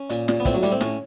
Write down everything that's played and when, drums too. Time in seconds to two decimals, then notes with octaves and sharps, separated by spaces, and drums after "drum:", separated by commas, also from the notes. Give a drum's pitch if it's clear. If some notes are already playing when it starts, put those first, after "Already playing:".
Already playing: C#4
0.10 A#2, drum: hi-hat
0.28 A#2, drum: snare
0.40 B3
0.45 A2 C4, drum: kick, hi-hat
0.54 F#3
0.63 A2 G3, drum: hi-hat
0.72 C4
0.81 A2 C#4, drum: snare